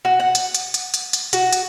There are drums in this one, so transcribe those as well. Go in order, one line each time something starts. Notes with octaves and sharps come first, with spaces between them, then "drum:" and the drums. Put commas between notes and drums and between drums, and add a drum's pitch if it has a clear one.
F#4
F#5
drum: hi-hat
drum: hi-hat
drum: hi-hat
drum: hi-hat
drum: hi-hat
F#4, drum: hi-hat
drum: hi-hat